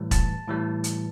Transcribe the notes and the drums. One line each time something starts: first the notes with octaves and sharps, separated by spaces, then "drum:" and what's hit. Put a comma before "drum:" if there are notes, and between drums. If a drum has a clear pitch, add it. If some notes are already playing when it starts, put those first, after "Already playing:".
Already playing: A2 E3 G3
A5, drum: kick E1, hi-hat
A2 E3 G3
drum: hi-hat